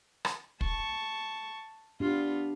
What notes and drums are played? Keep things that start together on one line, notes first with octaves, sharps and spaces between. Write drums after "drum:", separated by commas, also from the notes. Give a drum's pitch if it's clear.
drum: rim click
A5 C#6, drum: kick
B3 D4 F4 G4